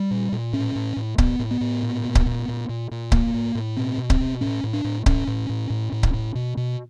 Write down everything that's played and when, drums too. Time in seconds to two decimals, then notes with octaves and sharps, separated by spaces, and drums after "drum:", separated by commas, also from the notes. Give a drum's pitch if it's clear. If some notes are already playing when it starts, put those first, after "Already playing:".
Already playing: G3
0.11 A#2
0.32 A#2
0.53 A2 C#4
0.76 A2
0.97 A2
1.18 A2 B3, drum: kick C#1
1.39 A2
1.51 B3
1.61 A2
1.83 A#2
2.05 A#2
2.15 drum: kick C#1
2.26 A#2
2.48 A#2
2.69 A#2
2.91 A#2
3.12 A2 A#3, drum: kick C#1
3.34 A2
3.55 A2
3.77 B2 C4
3.98 B2
4.10 C4, drum: kick C#1
4.20 B2
4.41 A2 C#4
4.64 A2
4.73 D4
4.84 A2
5.06 A2 C#4, drum: kick C#1
5.27 A2
5.49 A2
5.70 A2
5.92 A2
6.03 drum: kick C#1
6.14 A2
6.35 B2
6.57 B2